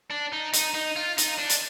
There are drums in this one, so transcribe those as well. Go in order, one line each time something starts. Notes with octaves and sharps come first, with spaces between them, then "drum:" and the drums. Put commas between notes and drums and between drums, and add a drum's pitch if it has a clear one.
D4
D#4
D#4, drum: hi-hat
D#4
F4
D#4, drum: hi-hat
D4
drum: hi-hat